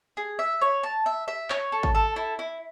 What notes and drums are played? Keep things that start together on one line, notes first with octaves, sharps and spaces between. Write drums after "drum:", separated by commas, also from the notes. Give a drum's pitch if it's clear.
G#4
E5
C#5
A5
E5
E5
C#5, drum: clap
A4
drum: kick G#1
A4
E4
E4